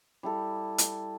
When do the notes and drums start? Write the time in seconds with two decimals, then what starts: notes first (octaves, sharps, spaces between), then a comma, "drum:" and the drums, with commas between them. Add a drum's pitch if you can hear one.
0.23 G3 E4 A4
0.78 drum: hi-hat